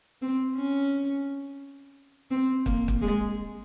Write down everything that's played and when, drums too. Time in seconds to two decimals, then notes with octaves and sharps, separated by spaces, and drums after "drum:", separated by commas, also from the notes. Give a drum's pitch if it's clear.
0.22 C4
0.56 C#4
2.31 C4
2.66 A#3, drum: kick
2.88 drum: kick
3.01 G#3